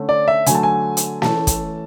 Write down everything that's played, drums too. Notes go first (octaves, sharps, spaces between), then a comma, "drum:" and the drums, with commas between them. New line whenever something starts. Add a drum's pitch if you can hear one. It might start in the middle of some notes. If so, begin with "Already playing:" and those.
Already playing: D3 A3 C#4
D5
E5
D3 F#3 A3 G#5, drum: hi-hat
A5
G#5
drum: hi-hat
E3 A3 C#4 A5, drum: snare
drum: kick, hi-hat